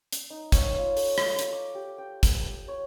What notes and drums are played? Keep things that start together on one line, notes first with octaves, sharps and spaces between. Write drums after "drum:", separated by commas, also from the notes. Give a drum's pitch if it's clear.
drum: hi-hat
D#4
C#5, drum: kick, hi-hat
F4
A4, drum: open hi-hat
drum: rim click
drum: hi-hat
D6
G4
G5
drum: kick, hi-hat
C#5